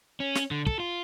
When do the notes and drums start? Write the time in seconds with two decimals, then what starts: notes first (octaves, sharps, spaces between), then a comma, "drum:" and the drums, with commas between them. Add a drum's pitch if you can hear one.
0.20 C#4
0.35 drum: snare
0.51 D3
0.67 A4, drum: kick
0.80 F4